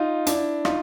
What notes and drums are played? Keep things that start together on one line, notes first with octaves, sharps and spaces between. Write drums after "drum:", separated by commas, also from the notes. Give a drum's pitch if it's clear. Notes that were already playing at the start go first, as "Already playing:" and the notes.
Already playing: D#4 F4
D4 E4, drum: hi-hat
D#4 F4, drum: rim click